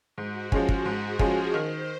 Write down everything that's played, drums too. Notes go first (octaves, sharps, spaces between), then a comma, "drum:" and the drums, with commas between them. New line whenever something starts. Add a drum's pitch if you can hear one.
G#2 F#4
F3 G#3 C#4, drum: kick
drum: kick
G#2 G#4
F3 G#3 C#4, drum: kick
D#3 C5